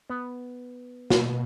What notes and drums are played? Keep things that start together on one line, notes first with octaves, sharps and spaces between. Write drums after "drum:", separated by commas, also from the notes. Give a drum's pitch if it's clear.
B3
B2, drum: snare